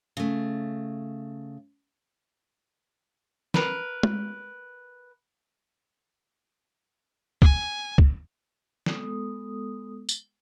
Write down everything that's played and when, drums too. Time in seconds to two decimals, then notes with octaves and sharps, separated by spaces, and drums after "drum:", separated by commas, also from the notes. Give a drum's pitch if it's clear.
0.17 C#3 A3
3.54 A#4 B4, drum: snare
4.03 drum: tom G#3
7.42 G#5, drum: kick
7.98 drum: kick
8.86 G#3 B3 A4 D#6, drum: snare
10.09 drum: tambourine